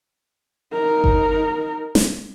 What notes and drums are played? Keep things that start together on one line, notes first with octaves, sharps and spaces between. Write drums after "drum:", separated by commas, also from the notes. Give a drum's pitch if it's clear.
D#4 A#4
drum: kick G1
drum: snare